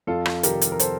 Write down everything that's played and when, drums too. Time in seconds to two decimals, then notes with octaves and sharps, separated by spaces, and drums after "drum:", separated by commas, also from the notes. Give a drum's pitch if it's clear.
0.07 F2 F4 A4
0.26 drum: rim click
0.43 C3 D#3 G3 G4 A#4, drum: hi-hat
0.61 drum: hi-hat
0.72 A#4
0.80 A4 C5, drum: hi-hat